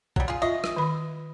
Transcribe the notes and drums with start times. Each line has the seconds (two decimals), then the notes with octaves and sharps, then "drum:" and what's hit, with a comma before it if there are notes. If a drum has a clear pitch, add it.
0.16 F#3 G3, drum: kick
0.28 F4 G#4
0.42 F4 D#5 E5
0.64 drum: rim click
0.76 D#3 B5